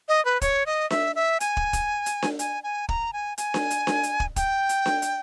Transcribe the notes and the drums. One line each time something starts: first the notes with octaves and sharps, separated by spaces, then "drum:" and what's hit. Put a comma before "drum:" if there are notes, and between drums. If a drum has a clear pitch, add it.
D#5
B4
C#5, drum: kick, hi-hat
D#5
E5, drum: snare D4
E5
G#5, drum: hi-hat
drum: kick
drum: kick, hi-hat
drum: hi-hat
drum: snare D4
G#5, drum: hi-hat
G#5
A#5, drum: kick
G#5
G#5, drum: hi-hat
drum: snare D4
drum: hi-hat
drum: snare D4
drum: hi-hat
drum: kick
G5, drum: kick, hi-hat
drum: hi-hat
drum: snare D4
drum: hi-hat